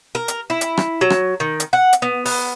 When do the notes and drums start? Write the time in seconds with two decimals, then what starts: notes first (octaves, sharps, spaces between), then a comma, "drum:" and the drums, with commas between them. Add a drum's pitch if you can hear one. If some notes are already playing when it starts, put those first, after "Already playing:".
0.15 A#4
0.28 drum: hi-hat
0.50 E4
0.61 drum: hi-hat
0.77 drum: rim click
1.01 F#3
1.10 drum: rim click
1.40 D#3
1.60 drum: hi-hat
1.73 F#5
1.93 drum: hi-hat
2.02 B3
2.26 B3, drum: open hi-hat